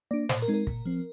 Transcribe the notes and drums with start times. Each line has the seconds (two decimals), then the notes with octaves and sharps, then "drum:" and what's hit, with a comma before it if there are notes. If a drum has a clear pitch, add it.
0.11 A#3 D4 D5
0.29 A#2 C5, drum: snare
0.42 A#4
0.48 G#3 C4 D#4
0.54 A#4
0.67 A#2, drum: kick
0.85 F3 C4